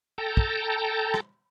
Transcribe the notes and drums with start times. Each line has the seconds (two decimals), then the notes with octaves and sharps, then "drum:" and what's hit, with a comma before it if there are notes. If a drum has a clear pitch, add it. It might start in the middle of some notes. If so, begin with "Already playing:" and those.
0.18 A4 G5 A5 A#5
0.37 drum: kick
1.14 drum: rim click